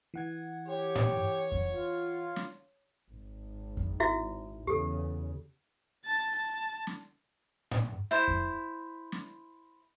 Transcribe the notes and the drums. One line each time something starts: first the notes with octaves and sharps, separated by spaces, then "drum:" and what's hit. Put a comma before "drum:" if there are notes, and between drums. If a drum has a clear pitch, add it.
E3 F#5 G#6
G4 C#5
drum: tom G#2
drum: kick F2
F4
drum: snare
G#1
drum: kick F2
E4 F#4 E5
E2 C#3 G4 A4
A5 A6
A5
drum: snare
drum: tom G#2
E4 C5
drum: kick F2
drum: snare